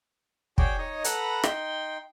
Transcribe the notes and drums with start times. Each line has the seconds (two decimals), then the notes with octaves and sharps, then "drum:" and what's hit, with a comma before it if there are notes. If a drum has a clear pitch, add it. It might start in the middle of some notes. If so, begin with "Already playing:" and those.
0.58 F#4 G#4 C#5 D5 G5, drum: kick
0.78 D#4 C#5 D#5
1.04 A4 B4 F#5 A#5 B5, drum: hi-hat
1.43 D#4 G5 C6, drum: rim click